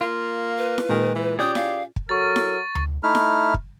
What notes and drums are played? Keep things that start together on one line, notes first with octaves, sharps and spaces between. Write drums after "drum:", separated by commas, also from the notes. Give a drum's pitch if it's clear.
A#3 F4
B4
drum: snare E4
A#2 D#3 G#3
E3
C#4 F4 G4 G#4 D5 D#6 G6
F5, drum: snare E4
drum: kick
F#3 A4 A#4 C#6 A6
drum: snare E4
drum: tom D2
A3 D#4 E4 F6
drum: snare E4
drum: kick